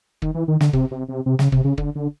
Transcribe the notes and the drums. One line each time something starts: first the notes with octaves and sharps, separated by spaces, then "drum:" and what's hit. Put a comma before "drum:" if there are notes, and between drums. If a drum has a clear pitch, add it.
D#3, drum: kick
E3
D#3
D3, drum: snare
C3, drum: kick
C3
C3
C3
C#3, drum: snare
C3, drum: kick
C#3
D3, drum: kick
D3